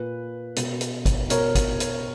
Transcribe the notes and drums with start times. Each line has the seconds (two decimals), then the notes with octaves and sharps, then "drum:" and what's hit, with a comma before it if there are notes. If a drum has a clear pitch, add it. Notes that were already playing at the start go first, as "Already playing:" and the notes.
Already playing: A#2 B4
0.56 B2, drum: hi-hat
0.81 drum: hi-hat
1.05 drum: kick, hi-hat
1.30 B2 A#4 C#5, drum: hi-hat
1.55 drum: kick, hi-hat
1.80 drum: hi-hat